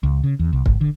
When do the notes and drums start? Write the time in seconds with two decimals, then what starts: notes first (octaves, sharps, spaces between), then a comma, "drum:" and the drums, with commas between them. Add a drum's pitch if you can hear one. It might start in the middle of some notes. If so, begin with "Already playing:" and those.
0.03 C#2
0.24 C#3
0.39 E2
0.53 C2
0.66 G#1, drum: kick
0.81 D3